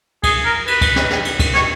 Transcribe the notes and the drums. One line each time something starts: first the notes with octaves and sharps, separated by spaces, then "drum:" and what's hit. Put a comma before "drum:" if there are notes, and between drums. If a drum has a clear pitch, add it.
G#4, drum: kick, cymbal
A#4
B4, drum: cymbal
drum: kick, cymbal
drum: snare
drum: snare
drum: cymbal
drum: kick, cymbal
C#5, drum: snare